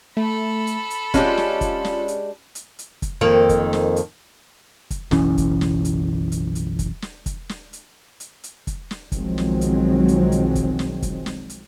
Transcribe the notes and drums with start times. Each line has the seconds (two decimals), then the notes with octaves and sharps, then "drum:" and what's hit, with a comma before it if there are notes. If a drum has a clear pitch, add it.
0.17 A3 A4 B5
0.67 drum: hi-hat
0.90 drum: hi-hat
1.14 G#3 C#4 D4 F4 G4, drum: kick, hi-hat
1.37 drum: snare
1.61 drum: kick, hi-hat
1.85 drum: snare
2.08 drum: hi-hat
2.55 drum: hi-hat
2.79 drum: hi-hat
3.02 drum: kick, hi-hat
3.21 F2 D#3 A#3
3.49 drum: kick, hi-hat
3.73 drum: snare
3.96 drum: hi-hat
4.90 drum: kick, hi-hat
5.11 F#1 B1 E3 C#4, drum: snare
5.38 drum: kick, hi-hat
5.61 drum: snare
5.85 drum: hi-hat
6.32 drum: hi-hat
6.55 drum: hi-hat
6.79 drum: kick, hi-hat
7.02 drum: snare
7.26 drum: kick, hi-hat
7.49 drum: snare
7.73 drum: hi-hat
8.20 drum: hi-hat
8.44 drum: hi-hat
8.67 drum: kick, hi-hat
8.91 drum: snare
9.12 B1 D#3 F3 F#3 G#3 C4, drum: kick, hi-hat
9.38 drum: snare
9.61 drum: hi-hat
10.08 drum: hi-hat
10.32 drum: hi-hat
10.55 drum: kick, hi-hat
10.79 drum: snare
11.02 drum: kick, hi-hat
11.26 drum: snare
11.50 drum: hi-hat